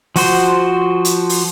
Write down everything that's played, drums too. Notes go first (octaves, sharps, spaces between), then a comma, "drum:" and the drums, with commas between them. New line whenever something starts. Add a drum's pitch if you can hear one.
F3 F#4 C5, drum: open hi-hat
drum: hi-hat
drum: open hi-hat